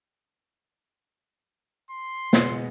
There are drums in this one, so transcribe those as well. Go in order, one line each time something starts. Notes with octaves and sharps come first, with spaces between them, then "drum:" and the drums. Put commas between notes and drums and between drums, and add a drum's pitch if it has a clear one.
C6
B2 G#3, drum: snare